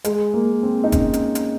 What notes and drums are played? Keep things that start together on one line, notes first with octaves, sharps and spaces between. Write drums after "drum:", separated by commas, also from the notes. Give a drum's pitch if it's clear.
G#3, drum: hi-hat
A#3
C4
D#4
C#4, drum: kick F1, hi-hat
drum: hi-hat
drum: hi-hat